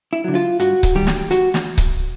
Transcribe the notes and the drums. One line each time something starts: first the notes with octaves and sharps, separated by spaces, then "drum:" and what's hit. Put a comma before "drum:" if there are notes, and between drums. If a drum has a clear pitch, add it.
E4
D3 F#3
F4
G2 F#4, drum: hi-hat
drum: kick C#1, hi-hat
D#3 G3 G4
drum: snare
F#4, drum: hi-hat
drum: snare
drum: kick C#1, hi-hat